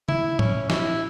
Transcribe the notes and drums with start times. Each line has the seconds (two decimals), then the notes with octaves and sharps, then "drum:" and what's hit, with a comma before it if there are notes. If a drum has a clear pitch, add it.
0.09 E4, drum: tom
0.39 C#4, drum: tom A2
0.70 E4, drum: snare